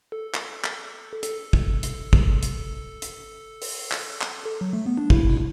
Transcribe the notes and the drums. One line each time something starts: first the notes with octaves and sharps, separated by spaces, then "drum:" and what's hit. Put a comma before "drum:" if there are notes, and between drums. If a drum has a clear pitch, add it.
A4
drum: clap
drum: clap
A4, drum: hi-hat
drum: kick
drum: hi-hat
drum: kick
drum: hi-hat
drum: hi-hat
drum: open hi-hat
drum: clap
drum: clap
F#3
A3
B3
D4
E4, drum: kick
B2